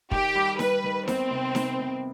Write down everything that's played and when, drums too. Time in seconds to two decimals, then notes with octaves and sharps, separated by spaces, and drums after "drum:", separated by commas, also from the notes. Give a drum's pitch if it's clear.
0.11 D#3 G4, drum: kick
0.35 G3
0.59 G3 B4, drum: snare D#4
0.84 D#3
1.08 B3 C4, drum: snare D#4
1.31 C3
1.55 B3, drum: snare D#4
1.79 C3